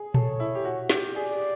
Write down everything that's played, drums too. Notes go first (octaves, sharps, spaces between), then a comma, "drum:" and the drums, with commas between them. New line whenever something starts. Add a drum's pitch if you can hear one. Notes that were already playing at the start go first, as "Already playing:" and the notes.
Already playing: G#4
A4 C#5, drum: tom A#2
E4
G4
F#4
G4, drum: snare
G#4 D5
G4